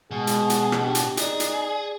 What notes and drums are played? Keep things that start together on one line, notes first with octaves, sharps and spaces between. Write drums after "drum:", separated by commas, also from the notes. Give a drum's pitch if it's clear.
B2 G#3 G#4
drum: hi-hat
drum: hi-hat
drum: rim click
D4 G4
drum: hi-hat
D#4 G#4 D5, drum: hi-hat
drum: hi-hat